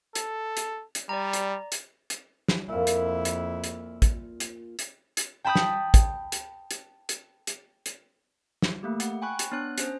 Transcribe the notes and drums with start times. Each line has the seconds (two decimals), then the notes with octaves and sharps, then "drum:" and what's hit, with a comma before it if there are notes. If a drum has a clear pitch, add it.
0.15 A4, drum: hi-hat
0.57 drum: hi-hat
0.95 drum: hi-hat
1.09 G3 D5 A#5
1.33 drum: hi-hat
1.72 drum: hi-hat
2.10 drum: hi-hat
2.48 drum: snare
2.69 F2 A#2 E4 F4
2.87 drum: hi-hat
3.25 drum: hi-hat
3.64 drum: hi-hat
4.02 drum: kick, hi-hat
4.40 drum: hi-hat
4.79 drum: hi-hat
5.17 drum: hi-hat
5.44 G5 A5 B5 D#6 G6
5.55 drum: snare
5.94 drum: kick, hi-hat
6.32 drum: hi-hat
6.71 drum: hi-hat
7.09 drum: hi-hat
7.47 drum: hi-hat
7.86 drum: hi-hat
8.62 drum: snare
8.83 A3 A#3 G4
9.00 F#5, drum: hi-hat
9.22 G5 G#5 B5 C#6 F#6
9.39 drum: hi-hat
9.52 B3 D4 C#5 F#6
9.78 C#4 C5, drum: hi-hat